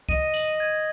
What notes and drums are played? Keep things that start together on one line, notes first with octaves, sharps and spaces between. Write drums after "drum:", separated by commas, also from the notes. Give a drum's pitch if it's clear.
D#5 D#7, drum: kick C2
F#7, drum: tambourine
G#6